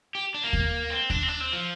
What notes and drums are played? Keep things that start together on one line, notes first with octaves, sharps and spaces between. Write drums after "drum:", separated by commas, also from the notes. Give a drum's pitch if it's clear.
G4
D4
A#3
drum: kick D#2
C4
D4, drum: kick D#2
C4
D4
C4
F3